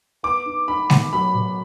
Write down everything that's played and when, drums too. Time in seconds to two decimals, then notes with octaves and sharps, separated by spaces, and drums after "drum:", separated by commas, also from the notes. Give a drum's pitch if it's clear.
0.23 B3 D6
0.46 D#4
0.68 D#4 B5
0.90 B2, drum: snare G#3
1.13 F#3 B5
1.34 B2